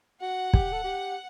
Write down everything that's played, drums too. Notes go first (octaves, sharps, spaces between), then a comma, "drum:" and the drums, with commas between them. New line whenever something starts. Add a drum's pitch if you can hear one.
F#4 F#5
G4, drum: kick
A4
G4